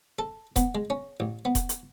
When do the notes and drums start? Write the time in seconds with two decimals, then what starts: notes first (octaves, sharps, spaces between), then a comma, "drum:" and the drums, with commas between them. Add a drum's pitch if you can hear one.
0.19 A4
0.56 B3, drum: kick E1, hi-hat
0.75 G#3
0.90 C#4
1.20 A1
1.45 B3
1.55 drum: kick E1, hi-hat
1.69 drum: hi-hat